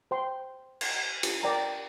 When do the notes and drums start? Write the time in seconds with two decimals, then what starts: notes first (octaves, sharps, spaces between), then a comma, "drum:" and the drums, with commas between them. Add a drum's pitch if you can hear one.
0.11 C5 G5 C6
0.81 drum: cymbal
1.23 drum: cymbal
1.43 A#4 D5 G5 A#5